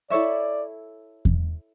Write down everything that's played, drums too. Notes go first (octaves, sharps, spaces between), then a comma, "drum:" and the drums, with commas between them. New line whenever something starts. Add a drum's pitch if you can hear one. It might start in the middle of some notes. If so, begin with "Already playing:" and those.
E4 A4 C#5 D5 E5
drum: kick E2